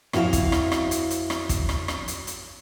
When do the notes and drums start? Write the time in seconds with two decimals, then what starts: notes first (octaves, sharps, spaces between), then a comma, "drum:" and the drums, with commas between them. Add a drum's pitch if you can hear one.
0.13 F2 E4 F#4 G#4 F5, drum: rim click
0.33 drum: kick, hi-hat
0.52 drum: rim click
0.72 drum: rim click
0.91 drum: hi-hat
1.10 drum: hi-hat
1.30 drum: rim click
1.49 drum: kick, hi-hat
1.69 drum: rim click
1.88 drum: rim click
2.08 drum: hi-hat
2.27 drum: hi-hat